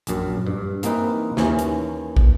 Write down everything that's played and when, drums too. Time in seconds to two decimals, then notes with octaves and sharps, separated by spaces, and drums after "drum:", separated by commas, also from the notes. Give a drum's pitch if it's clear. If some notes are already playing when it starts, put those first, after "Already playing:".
0.07 A#1 F#2, drum: hi-hat
0.47 G2
0.83 E3 A#3 C4 D#4 B4, drum: hi-hat
1.37 D#2 E3 C#4, drum: snare
1.59 drum: hi-hat
2.16 drum: kick